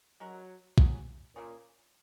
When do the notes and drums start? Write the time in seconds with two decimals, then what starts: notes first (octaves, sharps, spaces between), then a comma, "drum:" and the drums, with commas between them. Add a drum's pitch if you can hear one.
0.20 F#3 G#3 C#4 F#4 A#4
0.78 F#3 C#4 G#4, drum: kick
1.35 A#2 C#3 A#3 C#4 G#4